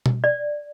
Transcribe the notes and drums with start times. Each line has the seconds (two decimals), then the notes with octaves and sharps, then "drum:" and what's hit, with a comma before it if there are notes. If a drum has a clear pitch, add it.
0.06 drum: tom B2
0.24 D5